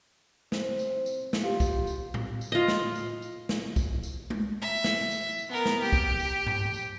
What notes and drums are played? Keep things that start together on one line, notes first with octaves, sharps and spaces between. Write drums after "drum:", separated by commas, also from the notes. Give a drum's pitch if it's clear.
C4, drum: snare
drum: tambourine
drum: tambourine
drum: snare
F4 G4
drum: kick B1, tambourine
drum: tambourine
drum: tom A2
drum: tambourine
F4 D#5
drum: snare
drum: tambourine
drum: tambourine
drum: snare
drum: kick B1, tambourine
drum: tambourine
drum: tom G#3
E5
drum: snare
drum: tambourine
drum: tambourine
B3 A#4
drum: snare
G4
drum: kick B1, tambourine
drum: tambourine
drum: tom G2
drum: tambourine